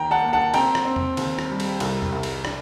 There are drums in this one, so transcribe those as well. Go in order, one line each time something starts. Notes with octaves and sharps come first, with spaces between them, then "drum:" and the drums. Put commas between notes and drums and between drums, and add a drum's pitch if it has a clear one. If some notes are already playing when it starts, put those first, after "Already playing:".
Already playing: D#2 G5 A#5
F#5 A5
A#3
F#5 A5
C4 G5 A#5, drum: cymbal
drum: rim click
C4
drum: tom E2
D#2, drum: cymbal
drum: rim click
G3
drum: cymbal
C2, drum: cymbal
drum: tom E2
C2
drum: cymbal
D4, drum: rim click